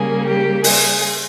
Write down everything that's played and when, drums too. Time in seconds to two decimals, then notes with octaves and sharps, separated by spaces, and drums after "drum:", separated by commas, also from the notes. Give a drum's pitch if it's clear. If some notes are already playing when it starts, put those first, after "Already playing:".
Already playing: C#3 G3 A#3 G#4
0.26 G4
0.64 G#4, drum: open hi-hat